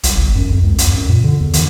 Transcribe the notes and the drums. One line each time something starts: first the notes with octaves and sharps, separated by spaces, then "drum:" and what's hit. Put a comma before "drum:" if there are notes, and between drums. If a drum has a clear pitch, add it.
C2, drum: hi-hat
G1
F#2
F2
C#2
F2, drum: hi-hat
F#2
A#2
D3
E2
D#3, drum: hi-hat